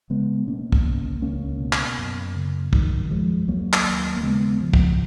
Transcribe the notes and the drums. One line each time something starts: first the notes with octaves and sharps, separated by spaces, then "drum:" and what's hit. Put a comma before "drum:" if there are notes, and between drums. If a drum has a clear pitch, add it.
C#3 G#3 B3
B2 A#3 C#4
drum: kick
C#2
C#2 A#3 C#4
B2
drum: clap
F#2
C#3
F#2 D#3 F#3, drum: kick
F#2 F3 G#3
D#2 F#3 A#3
drum: clap
D#2
A#3
C#3 G#3 B3
C#3 F3
drum: kick